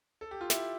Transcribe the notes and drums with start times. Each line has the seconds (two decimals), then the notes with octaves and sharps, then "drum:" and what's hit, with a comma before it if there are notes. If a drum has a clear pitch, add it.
0.21 A4
0.31 G4
0.41 F4
0.50 E4 G4, drum: snare